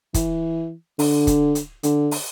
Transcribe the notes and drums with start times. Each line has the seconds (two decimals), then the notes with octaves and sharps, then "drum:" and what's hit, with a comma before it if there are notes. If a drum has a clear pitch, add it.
0.14 E3, drum: kick, hi-hat
0.99 D3, drum: open hi-hat
1.27 drum: kick, hi-hat
1.55 drum: hi-hat
1.83 D3, drum: hi-hat
2.11 drum: open hi-hat